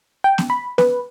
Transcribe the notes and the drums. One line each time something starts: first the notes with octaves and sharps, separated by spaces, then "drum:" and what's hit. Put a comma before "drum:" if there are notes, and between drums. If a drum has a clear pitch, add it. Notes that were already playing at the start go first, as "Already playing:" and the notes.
G5
drum: snare B3
B5
B4, drum: snare B3